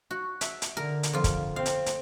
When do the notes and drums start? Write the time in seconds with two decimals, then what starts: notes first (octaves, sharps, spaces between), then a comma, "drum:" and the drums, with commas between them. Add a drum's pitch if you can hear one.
0.11 F#4
0.41 E5, drum: hi-hat
0.62 drum: hi-hat
0.77 D3 A#4
1.03 drum: hi-hat
1.13 F2 F4
1.24 drum: kick, hi-hat
1.56 C4 F5
1.66 drum: hi-hat
1.86 drum: hi-hat